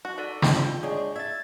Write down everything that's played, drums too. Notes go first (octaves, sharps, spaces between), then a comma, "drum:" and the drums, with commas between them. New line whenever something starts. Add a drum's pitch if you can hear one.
F#4
D#4 F#4 A4 D5
F2, drum: snare
F4 G5
G#3 D4 G#4 C#5
E5 G#6 A6